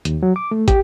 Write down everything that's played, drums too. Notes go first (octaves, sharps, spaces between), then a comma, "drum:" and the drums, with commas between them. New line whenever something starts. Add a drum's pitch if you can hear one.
D#2, drum: hi-hat
F#3
D6
A3
G4, drum: kick, hi-hat